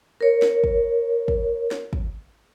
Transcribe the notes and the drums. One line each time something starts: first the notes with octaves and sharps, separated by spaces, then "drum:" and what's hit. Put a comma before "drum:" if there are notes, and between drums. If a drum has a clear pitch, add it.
A#4 C#5
drum: snare
drum: kick
drum: kick
drum: snare
drum: kick